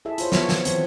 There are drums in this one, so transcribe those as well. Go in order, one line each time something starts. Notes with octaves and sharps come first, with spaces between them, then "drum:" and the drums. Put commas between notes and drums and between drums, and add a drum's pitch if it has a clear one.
E4 G#4 A4 E5
F4 C5 C#5, drum: hi-hat
F3 B3 C#5 E5, drum: snare
drum: snare
D#3 E3 C4, drum: hi-hat